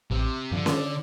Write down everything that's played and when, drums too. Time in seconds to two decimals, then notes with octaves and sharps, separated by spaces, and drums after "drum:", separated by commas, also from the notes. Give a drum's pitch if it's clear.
0.11 A1 C3
0.51 G2 D3 F3
0.66 drum: snare C#4